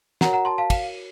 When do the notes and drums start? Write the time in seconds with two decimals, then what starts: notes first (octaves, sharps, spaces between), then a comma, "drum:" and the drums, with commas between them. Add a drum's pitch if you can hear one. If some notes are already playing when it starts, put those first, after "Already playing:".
0.21 F#4 A#4 C#5 F#5 A#5, drum: snare
0.33 F#5 A#5
0.45 A5 C6
0.58 F5 A5
0.70 F5, drum: kick, cymbal